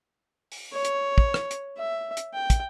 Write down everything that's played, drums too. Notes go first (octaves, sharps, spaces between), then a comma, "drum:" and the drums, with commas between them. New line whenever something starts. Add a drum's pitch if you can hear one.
drum: open hi-hat
C#5
drum: hi-hat
drum: kick
drum: rim click
drum: hi-hat
E5
drum: hi-hat
G5
drum: kick, hi-hat